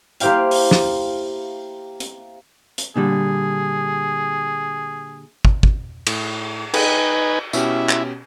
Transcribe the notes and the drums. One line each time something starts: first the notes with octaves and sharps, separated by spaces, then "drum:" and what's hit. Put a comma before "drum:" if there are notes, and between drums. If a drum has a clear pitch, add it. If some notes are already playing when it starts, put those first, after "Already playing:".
A#3 E4 G4 C5 F5 G5, drum: hi-hat
drum: open hi-hat
drum: snare
drum: hi-hat
drum: hi-hat
A#2 D3 G3 G#4
drum: kick
drum: kick
A2, drum: cymbal
D#4 B4 G5 G#5, drum: cymbal
B2 C#4 E4 G4, drum: tambourine
drum: clap